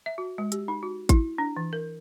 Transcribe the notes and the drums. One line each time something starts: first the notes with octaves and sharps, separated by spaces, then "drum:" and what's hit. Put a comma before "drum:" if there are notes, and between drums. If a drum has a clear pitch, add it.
E5
F#4
G#3
G4, drum: hi-hat
D#4
F#4
E4, drum: kick A1, hi-hat
D4
E3
A#4